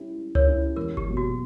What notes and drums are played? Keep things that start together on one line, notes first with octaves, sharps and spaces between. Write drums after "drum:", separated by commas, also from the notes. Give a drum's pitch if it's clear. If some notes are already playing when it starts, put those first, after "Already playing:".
Already playing: G3 C#4 E4 G4
G3
A#4 C#5, drum: tom C#2
C#4 E4 G4
E2 A#4
G4, drum: kick G1
B2 F#3 A#3
F#4